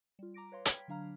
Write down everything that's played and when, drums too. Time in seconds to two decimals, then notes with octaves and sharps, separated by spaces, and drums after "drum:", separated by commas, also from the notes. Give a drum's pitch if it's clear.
0.19 G3 F4
0.34 A#5 D6 A#6 D7
0.52 B4 C#5 F5 C6
0.65 G5 B5 F6 G#6 B6, drum: hi-hat
0.88 D3 F#3 D4 F5 A#5 F6